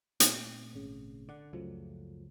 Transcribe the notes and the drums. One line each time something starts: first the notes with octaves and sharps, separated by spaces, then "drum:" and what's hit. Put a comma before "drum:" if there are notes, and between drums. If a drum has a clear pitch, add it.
A#2 A3 C4, drum: hi-hat
G#1 C#3
D3 D5 F#5
C#2 F#2 C#3 F3 F#3 A3